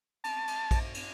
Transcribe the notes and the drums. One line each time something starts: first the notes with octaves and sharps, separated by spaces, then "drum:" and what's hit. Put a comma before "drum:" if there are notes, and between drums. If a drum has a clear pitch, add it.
A5, drum: cymbal
drum: cymbal
drum: kick A#1, cymbal
drum: cymbal